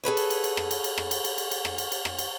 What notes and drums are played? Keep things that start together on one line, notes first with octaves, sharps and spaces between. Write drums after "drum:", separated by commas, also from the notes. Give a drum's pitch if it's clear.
G#4 A4 B4 C#5
drum: cymbal
drum: cymbal
drum: cymbal
drum: rim click
drum: cymbal
drum: cymbal
drum: rim click
drum: cymbal
drum: cymbal
drum: cymbal
drum: cymbal
drum: rim click
drum: cymbal
drum: cymbal
drum: rim click
drum: cymbal